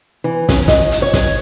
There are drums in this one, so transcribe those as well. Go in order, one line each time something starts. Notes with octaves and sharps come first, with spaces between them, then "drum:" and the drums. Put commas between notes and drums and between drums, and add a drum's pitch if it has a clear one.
E3
C#4, drum: snare
D#5, drum: snare
drum: hi-hat
C#5
drum: snare